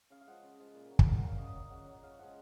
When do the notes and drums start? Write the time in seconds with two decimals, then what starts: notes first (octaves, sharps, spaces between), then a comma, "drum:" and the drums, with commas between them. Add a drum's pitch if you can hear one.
0.10 C#3 F5
0.21 F5
0.27 F3 G#3 F#5
0.43 C#3
0.59 F3 G#3
0.74 A#2
0.91 F#3
0.99 F#5, drum: kick
1.06 A#2 F5
1.17 F#5
1.23 F#3 F5
1.38 C#3 D#5
1.55 F#3
1.70 C#3 F#5
1.87 F#3
2.03 C#3 F5
2.19 F3 G#3 F#5